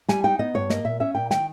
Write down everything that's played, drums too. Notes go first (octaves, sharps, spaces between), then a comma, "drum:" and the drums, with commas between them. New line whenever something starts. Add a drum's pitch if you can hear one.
G3 G#5, drum: snare
D#4 G5
B3 D#5
G2 C#5
A#3 D#5, drum: snare
A#2 E5
C#4 E5
A#2 G5
D#3 G5, drum: snare